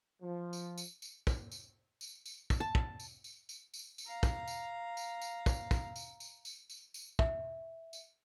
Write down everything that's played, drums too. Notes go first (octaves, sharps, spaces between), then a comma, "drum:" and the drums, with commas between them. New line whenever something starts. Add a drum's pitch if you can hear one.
F3
drum: tambourine
drum: tambourine
drum: tambourine
drum: kick, tambourine
drum: tambourine
drum: tambourine
drum: tambourine
drum: kick, tambourine
A5
drum: kick
drum: tambourine
drum: tambourine
drum: tambourine
drum: tambourine
drum: tambourine
F5 A#5
drum: kick, tambourine
drum: tambourine
drum: tambourine
drum: tambourine
drum: kick, tambourine
drum: kick, tambourine
drum: tambourine
drum: tambourine
drum: tambourine
drum: tambourine
drum: tambourine
E5, drum: kick
drum: tambourine